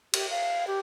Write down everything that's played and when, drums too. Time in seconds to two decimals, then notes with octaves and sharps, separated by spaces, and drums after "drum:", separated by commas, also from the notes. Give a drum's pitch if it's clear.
0.14 G4, drum: cymbal
0.30 F5
0.67 G4